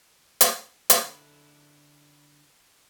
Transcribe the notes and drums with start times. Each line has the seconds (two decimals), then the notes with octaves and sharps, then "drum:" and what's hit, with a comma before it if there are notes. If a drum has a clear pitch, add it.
0.41 drum: hi-hat
0.90 D3 E4 A4 A#5 B5, drum: hi-hat